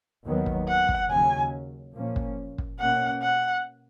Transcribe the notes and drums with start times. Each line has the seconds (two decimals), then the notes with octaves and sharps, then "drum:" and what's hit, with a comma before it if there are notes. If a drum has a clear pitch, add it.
0.25 D#2 D#3 F#3 B3
0.46 drum: kick
0.68 F#5
0.89 drum: kick
1.10 D#2 C#3 F#3 C#4 G#5
1.95 A#2 F3 A#3 C#4
2.16 drum: kick
2.58 drum: kick
2.79 B2 A#3 C#4 F#5
3.22 F#5